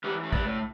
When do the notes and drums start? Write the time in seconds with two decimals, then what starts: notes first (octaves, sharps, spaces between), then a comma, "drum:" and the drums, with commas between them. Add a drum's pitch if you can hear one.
0.04 E3 G4 B4
0.23 A3
0.33 B4 D5, drum: kick
0.43 A2